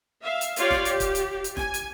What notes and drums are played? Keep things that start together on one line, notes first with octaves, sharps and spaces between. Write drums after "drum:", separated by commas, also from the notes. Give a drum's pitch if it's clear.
E5 F5
drum: hi-hat
F4 G4 C#5 D5 F5, drum: hi-hat
drum: snare
G4, drum: hi-hat
drum: kick, hi-hat
drum: hi-hat
drum: hi-hat
G#5, drum: snare
drum: hi-hat